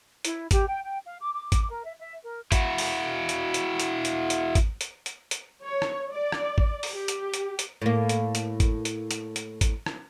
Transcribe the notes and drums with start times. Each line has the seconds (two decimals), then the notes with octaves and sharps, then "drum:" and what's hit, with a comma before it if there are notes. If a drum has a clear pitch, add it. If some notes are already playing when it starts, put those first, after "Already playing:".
0.25 E4, drum: hi-hat
0.51 G4, drum: kick G#1, hi-hat
0.66 G5
0.84 G5
1.05 F5
1.19 D6
1.33 D6
1.52 drum: kick G#1, hi-hat
1.69 A#4
1.84 E5
1.98 E5
2.23 A#4
2.52 E4 F#4, drum: kick G#1, hi-hat
2.78 drum: open hi-hat
3.29 drum: hi-hat
3.54 drum: hi-hat
3.80 drum: hi-hat
4.05 drum: hi-hat
4.30 drum: hi-hat
4.55 drum: kick G#1, hi-hat
4.81 drum: hi-hat
5.06 drum: hi-hat
5.31 drum: hi-hat
5.63 C#5
5.82 drum: rim click
6.12 D5
6.32 drum: rim click
6.58 drum: kick G#1
6.83 drum: open hi-hat
6.93 G4
7.08 drum: hi-hat
7.34 drum: hi-hat
7.59 drum: hi-hat
7.82 A2 A#3
8.09 drum: hi-hat
8.35 drum: hi-hat
8.60 drum: kick G#1, hi-hat
8.85 drum: hi-hat
9.11 drum: hi-hat
9.36 drum: hi-hat
9.61 drum: kick G#1, hi-hat
9.86 drum: rim click